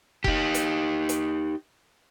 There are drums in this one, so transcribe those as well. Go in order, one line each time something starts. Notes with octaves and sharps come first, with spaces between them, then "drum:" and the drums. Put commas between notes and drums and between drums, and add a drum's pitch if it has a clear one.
D#4 G4, drum: kick F1
drum: hi-hat
drum: hi-hat